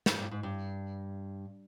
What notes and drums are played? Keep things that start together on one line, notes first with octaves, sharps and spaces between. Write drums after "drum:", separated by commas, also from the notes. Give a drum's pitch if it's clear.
G2, drum: snare
G2
G#2
G2